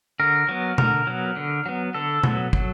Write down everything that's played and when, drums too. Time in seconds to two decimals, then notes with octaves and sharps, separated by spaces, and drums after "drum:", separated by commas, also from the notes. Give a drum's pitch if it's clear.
0.20 D3 A#4
0.49 F#3 B3
0.78 D3 A#4, drum: tom B2
1.07 F#3 B3
1.36 D3
1.66 F#3 B3
1.94 D3 A4
2.23 F#3 B3, drum: tom B2
2.53 F#3, drum: kick